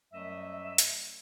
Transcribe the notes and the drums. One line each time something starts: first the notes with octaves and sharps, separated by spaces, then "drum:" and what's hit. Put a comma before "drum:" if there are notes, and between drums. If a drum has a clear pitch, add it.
F#2 F#3 G3 A3 D#5 E5
drum: hi-hat